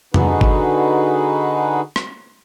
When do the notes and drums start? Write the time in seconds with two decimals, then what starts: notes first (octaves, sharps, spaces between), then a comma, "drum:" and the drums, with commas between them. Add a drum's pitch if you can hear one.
0.14 D3 D#4 F#4 G#4 B4, drum: tom
0.41 drum: kick G1
1.96 drum: rim click